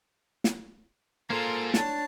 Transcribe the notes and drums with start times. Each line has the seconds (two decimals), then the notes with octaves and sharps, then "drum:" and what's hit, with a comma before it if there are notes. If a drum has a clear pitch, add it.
0.44 drum: snare
1.30 A#3 F4 G#4 A4 C5 A#5
1.74 D4 C#5 A5, drum: snare